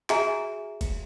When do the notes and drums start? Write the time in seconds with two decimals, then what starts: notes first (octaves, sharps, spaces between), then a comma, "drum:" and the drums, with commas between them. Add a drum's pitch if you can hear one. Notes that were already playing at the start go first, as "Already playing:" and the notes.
0.10 F#4 G#4 E5 G#5 A#5, drum: clap
0.81 drum: kick, cymbal